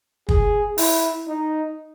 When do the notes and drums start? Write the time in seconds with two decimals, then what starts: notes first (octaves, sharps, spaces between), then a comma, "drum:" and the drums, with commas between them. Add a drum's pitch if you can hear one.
0.29 G#4, drum: kick
0.78 E4, drum: open hi-hat
1.28 D#4